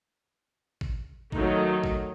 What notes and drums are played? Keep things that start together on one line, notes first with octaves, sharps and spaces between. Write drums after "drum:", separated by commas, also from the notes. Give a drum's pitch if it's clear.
drum: kick
D#3 F#3 A3 D#4, drum: kick
drum: kick